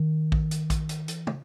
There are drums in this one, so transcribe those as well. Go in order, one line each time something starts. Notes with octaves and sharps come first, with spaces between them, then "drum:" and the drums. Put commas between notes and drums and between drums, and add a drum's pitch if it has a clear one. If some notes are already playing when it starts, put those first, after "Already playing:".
Already playing: D#3
drum: kick A#1
drum: hi-hat
drum: kick A#1, hi-hat
drum: hi-hat
E3, drum: hi-hat
drum: tom